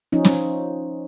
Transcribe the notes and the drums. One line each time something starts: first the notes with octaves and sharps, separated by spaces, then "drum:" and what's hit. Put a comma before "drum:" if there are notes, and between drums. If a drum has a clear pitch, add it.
F3 C#4 D#4
drum: snare